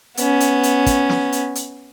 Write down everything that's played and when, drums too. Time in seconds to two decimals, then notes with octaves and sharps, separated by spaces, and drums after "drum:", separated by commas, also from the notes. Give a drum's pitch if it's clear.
0.17 B3 C#4, drum: hi-hat
0.40 drum: hi-hat
0.63 drum: hi-hat
0.86 drum: kick, hi-hat
1.09 drum: snare
1.32 drum: hi-hat
1.55 drum: hi-hat